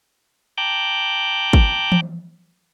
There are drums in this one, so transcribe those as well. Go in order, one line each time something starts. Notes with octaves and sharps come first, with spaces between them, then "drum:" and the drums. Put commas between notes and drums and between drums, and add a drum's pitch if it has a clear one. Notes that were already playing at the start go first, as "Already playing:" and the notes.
G5 A5 A#5 D6 F#6 G6
drum: kick
drum: tom E3